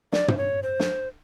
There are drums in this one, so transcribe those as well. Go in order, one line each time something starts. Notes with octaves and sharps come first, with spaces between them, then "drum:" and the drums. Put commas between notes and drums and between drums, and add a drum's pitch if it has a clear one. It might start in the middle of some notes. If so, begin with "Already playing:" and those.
D5, drum: snare
C5, drum: tom
C#5
C5
drum: snare